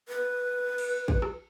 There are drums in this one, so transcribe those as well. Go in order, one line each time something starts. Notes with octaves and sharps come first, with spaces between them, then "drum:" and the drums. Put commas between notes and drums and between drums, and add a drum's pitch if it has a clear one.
B4
drum: cymbal
drum: kick A1
drum: rim click